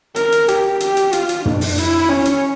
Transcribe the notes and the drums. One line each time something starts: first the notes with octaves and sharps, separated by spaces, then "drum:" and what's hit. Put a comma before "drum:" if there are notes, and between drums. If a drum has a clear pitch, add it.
A#4, drum: hi-hat
drum: hi-hat
G4, drum: hi-hat
G4, drum: hi-hat
drum: hi-hat
F4, drum: hi-hat
drum: hi-hat
D4, drum: tom
drum: open hi-hat
E4, drum: hi-hat
C#4
drum: hi-hat